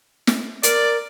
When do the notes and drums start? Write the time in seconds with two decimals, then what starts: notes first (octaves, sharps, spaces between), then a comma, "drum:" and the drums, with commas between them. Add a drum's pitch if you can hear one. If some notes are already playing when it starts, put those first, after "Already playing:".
0.27 drum: snare
0.63 A#4 D5, drum: hi-hat